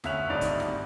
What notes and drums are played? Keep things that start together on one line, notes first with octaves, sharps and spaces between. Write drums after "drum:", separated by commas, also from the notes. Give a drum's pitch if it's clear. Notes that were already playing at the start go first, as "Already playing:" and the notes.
D2 C#4 E5 F#6 F7, drum: snare
G#1 D2 G2 D#4 D5 F7
drum: kick, hi-hat
drum: snare